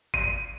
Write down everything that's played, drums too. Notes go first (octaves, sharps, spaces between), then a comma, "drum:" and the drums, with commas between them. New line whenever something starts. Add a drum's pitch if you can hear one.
D#7, drum: kick